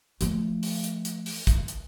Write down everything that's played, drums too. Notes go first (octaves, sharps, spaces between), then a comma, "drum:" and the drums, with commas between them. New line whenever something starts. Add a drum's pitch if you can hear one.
F3 A3, drum: hi-hat
drum: open hi-hat
drum: hi-hat
drum: hi-hat
drum: open hi-hat
drum: kick, hi-hat
drum: hi-hat